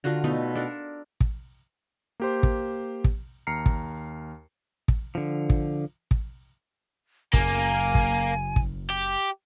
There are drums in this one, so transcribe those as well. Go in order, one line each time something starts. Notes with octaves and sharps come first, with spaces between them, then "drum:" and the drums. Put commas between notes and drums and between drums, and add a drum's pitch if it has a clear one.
D3 F4 F#4 A#5
B2 A3 D#4 F4
D4 A4 A#4
drum: kick
A#3 G4 C5
drum: kick
drum: kick
D#2 A#5 F6 C7 C#7
drum: kick
drum: kick
D3 F3
drum: kick
drum: kick
F#1 F#2 C#3 A#3 G#5, drum: kick
drum: kick
drum: kick
G4